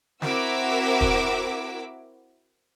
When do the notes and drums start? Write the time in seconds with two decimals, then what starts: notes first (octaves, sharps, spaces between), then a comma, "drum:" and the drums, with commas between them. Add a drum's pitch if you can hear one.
0.22 C4 E4 F#4 A#4 D6 E6, drum: snare
1.01 drum: kick